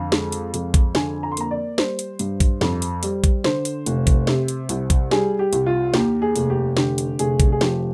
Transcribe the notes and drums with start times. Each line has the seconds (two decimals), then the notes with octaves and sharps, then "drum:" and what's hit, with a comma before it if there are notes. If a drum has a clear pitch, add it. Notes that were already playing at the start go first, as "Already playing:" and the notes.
Already playing: F2 D3 F5
0.12 G#3, drum: snare
0.32 drum: hi-hat
0.54 F2, drum: hi-hat
0.74 drum: kick A#1, hi-hat
0.95 D3 G#5, drum: snare
1.23 A#5
1.32 C6
1.37 A#3 A#5, drum: hi-hat
1.51 D5
1.78 G3 C5, drum: snare
1.99 drum: hi-hat
2.19 G2, drum: hi-hat
2.40 drum: kick A#1, hi-hat
2.61 F2, drum: snare
2.82 drum: hi-hat
3.03 G3, drum: hi-hat
3.24 drum: kick A#1, hi-hat
3.44 D3 C5, drum: snare
3.65 drum: hi-hat
3.86 F1, drum: hi-hat
4.07 drum: kick A#1, hi-hat
4.27 C3, drum: snare
4.48 drum: hi-hat
4.69 C2, drum: hi-hat
4.90 drum: kick A#1, hi-hat
5.11 G3 G#4, drum: snare
5.39 G4
5.53 C2, drum: hi-hat
5.66 F4
5.94 D#2 G4, drum: snare
6.22 G#4
6.36 F1, drum: hi-hat
6.50 G4
6.77 D3 G4, drum: snare
6.98 drum: hi-hat
7.19 F1 G#4, drum: hi-hat
7.40 drum: kick A#1, hi-hat
7.52 G#4
7.61 F3 G4, drum: snare